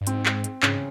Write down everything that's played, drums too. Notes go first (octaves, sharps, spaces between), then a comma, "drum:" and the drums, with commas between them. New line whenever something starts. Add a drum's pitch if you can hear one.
G2
G#2 C4, drum: hi-hat
drum: clap
drum: hi-hat
G#2 C#3 C#4, drum: clap